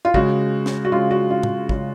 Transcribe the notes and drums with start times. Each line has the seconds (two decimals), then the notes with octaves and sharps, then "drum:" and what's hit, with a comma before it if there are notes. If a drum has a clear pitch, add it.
0.05 F4
0.14 C#3 G#3 F#4, drum: kick
0.66 drum: snare
0.85 F#4
0.92 C#3 G#3 F4
1.11 F#4
1.30 F4
1.43 drum: tom A2
1.69 C#3 G#3, drum: kick